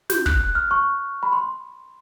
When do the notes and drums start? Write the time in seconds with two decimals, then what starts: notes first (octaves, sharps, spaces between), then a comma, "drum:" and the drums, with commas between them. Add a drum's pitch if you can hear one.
0.10 G6, drum: snare
0.26 F#6, drum: kick
0.41 F#6
0.55 F6
0.71 C#6
1.23 B5
1.33 C6